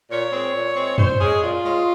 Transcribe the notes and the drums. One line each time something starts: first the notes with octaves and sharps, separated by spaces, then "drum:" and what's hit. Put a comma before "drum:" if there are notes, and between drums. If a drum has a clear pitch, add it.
A#2 C#5
G#3 C4
A#2
G#3 C4
A#2 C5, drum: tom
G#3 C#4 G#4
A#2 F4
G#3 C#4